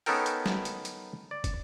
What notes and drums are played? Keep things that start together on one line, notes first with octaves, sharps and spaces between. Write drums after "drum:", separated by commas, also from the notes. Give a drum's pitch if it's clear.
B3 C#4 D#4 A4 A#4 G5, drum: open hi-hat
drum: hi-hat
drum: snare
drum: hi-hat
drum: hi-hat
D5
drum: kick, hi-hat